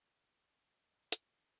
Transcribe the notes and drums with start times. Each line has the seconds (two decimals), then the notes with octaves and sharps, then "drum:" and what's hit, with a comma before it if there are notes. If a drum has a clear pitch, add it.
0.13 B3 D5
0.74 D3 A#3 D4 D#4 D#5
1.12 A#3, drum: hi-hat
1.30 F#3 A3 B3 C#4 E4 F4